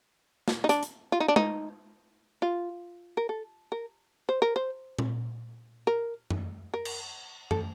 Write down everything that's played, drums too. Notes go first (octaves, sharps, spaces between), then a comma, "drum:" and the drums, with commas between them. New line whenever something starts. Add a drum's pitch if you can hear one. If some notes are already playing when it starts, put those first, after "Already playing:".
drum: snare
D#4
D4, drum: hi-hat
drum: hi-hat
F4
D#4
D4
D#4, drum: tom G#3
F4
A#4
A4
A#4
C5
A#4
C5
drum: tom A#2
A#4
drum: tom F#2
A#4
drum: cymbal
A4, drum: tom F#2